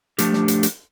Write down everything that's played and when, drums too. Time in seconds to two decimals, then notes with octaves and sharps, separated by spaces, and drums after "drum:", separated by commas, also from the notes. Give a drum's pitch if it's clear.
0.18 F3 A3 D4 G4, drum: hi-hat
0.33 drum: snare
0.48 drum: hi-hat
0.63 drum: hi-hat